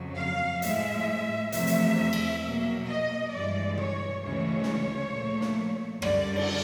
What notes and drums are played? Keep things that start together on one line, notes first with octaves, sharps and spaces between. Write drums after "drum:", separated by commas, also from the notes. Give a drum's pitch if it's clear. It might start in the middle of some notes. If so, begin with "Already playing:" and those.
Already playing: F2 C#3 F#3
F5
A2 F3 G#3 E5, drum: hi-hat
E2 C3 F3 A3 E5, drum: hi-hat
drum: hi-hat
drum: cymbal
B2 F#3 A#3
D#5
G2 E3 G#3 D5
C#5, drum: tom
D2 C#3 E3 G#3 C#5
drum: snare
A#2 F3 A3
drum: snare
F#2 D3 G3 D5, drum: rim click
drum: cymbal